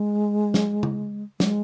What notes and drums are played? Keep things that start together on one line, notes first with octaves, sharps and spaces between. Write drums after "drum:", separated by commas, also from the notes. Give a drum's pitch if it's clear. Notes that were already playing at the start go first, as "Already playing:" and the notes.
Already playing: G#3
drum: snare
drum: tom C#3
G#3, drum: snare